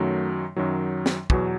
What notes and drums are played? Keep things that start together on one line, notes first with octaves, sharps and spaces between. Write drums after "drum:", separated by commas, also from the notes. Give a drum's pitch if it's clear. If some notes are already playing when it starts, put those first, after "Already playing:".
Already playing: F#2 D#3 F#3 A3
F#2 D#3 F#3
drum: snare
E2 B2 F#3, drum: kick